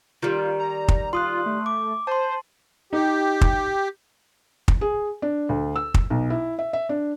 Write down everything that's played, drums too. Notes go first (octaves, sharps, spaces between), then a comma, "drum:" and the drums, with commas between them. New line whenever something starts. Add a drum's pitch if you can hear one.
D#3 G3 F4
A#5
drum: kick
F4 C6 D#6 F#6
A3
D6
C5 A5 C6
D#4 G4
drum: kick
drum: kick
G#4
D4
D2
E6
drum: kick
B1
E4
E5
E5
D4